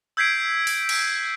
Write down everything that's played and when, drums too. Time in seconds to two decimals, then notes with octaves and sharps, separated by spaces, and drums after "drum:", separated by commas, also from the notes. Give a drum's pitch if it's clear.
0.17 E6 G6 G#6 B6 C7 D7
0.67 drum: open hi-hat
0.89 drum: cymbal